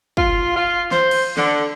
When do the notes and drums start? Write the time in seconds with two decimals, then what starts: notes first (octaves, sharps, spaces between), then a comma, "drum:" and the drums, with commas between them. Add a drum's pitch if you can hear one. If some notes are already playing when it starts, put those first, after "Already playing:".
0.17 F4, drum: kick
0.56 F4
0.91 C5, drum: snare
1.11 drum: cymbal
1.37 D3, drum: snare